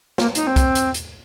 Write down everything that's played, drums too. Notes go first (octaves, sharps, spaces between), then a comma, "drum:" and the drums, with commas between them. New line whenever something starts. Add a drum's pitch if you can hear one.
A#3, drum: snare
D#4, drum: hi-hat
C4
drum: kick, hi-hat
drum: hi-hat
drum: hi-hat